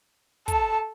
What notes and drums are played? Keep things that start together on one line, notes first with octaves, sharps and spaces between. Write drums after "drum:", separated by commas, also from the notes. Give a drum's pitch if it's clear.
A4 A5, drum: kick, hi-hat